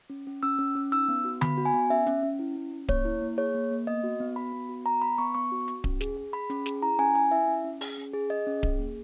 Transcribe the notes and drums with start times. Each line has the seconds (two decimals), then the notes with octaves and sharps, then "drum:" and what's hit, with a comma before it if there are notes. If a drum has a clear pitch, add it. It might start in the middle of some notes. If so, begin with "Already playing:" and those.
0.10 C#4
0.27 C#4
0.43 C#4 E6
0.59 C#4
0.75 C#4
0.92 D#4 E6
1.09 B3
1.25 F#4
1.41 B3 B5, drum: tom D3
1.58 F#4
1.65 G#5
1.74 B3
1.90 C#4 E5
2.07 C#4, drum: hi-hat
2.23 C#4
2.39 E4
2.56 C#4
2.72 C#4
2.89 A#3 C#5, drum: kick D1
3.05 E4
3.21 A#3
3.38 G#4 C#5
3.54 A#3
3.71 A#3
3.87 B3 D#5
4.04 F#4
4.20 B3
4.36 F#4 B5
4.53 B3
4.69 F#4
4.85 B3 A#5
5.02 B3 B5
5.18 B3 C#6
5.35 B3 C#6
5.52 F#4
5.68 F#4, drum: hi-hat
5.84 C#4, drum: kick D1
6.01 G#4, drum: snare
6.17 G#4
6.33 G#4 B5
6.50 C#4, drum: hi-hat
6.66 G#4, drum: snare
6.82 E4 A#5
6.99 C#4 G#5
7.15 E4 G#5
7.31 E4 E5
7.48 C#4
7.64 C#4
7.81 G#4, drum: open hi-hat
7.98 C#4
8.14 G#4
8.30 G#4 D#5
8.47 C#4
8.63 G#4, drum: kick D1
8.79 A#3